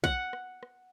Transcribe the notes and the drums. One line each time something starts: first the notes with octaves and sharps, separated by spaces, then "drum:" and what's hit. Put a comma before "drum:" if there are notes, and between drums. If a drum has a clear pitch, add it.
F#5, drum: kick
drum: rim click
drum: rim click